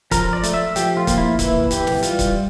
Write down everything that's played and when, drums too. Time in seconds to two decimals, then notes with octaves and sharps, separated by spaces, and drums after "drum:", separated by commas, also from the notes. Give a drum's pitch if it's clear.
0.11 F3 A#4, drum: kick, hi-hat
0.33 D5
0.43 A3, drum: hi-hat
0.54 E5
0.76 F3 G4, drum: hi-hat
0.97 F4
1.07 A#3, drum: kick, hi-hat
1.17 E4
1.39 E3 E4, drum: kick, hi-hat
1.55 drum: tom
1.71 E3 G4, drum: hi-hat
1.87 drum: snare
2.03 G3 F4, drum: hi-hat
2.19 drum: kick, hi-hat